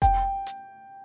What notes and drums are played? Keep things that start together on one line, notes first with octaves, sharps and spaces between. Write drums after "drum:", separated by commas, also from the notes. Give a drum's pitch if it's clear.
G5, drum: kick F1, hi-hat
drum: hi-hat